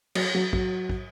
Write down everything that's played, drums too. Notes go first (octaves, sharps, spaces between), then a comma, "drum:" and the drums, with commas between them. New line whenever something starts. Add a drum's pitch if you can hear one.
F#3, drum: cymbal
F#3
F#3, drum: kick
drum: kick